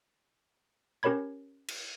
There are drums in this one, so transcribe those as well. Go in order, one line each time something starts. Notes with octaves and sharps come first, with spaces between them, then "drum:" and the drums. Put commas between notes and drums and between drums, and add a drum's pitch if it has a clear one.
C#4 G4 A#4 C#5 B5 G#6
drum: cymbal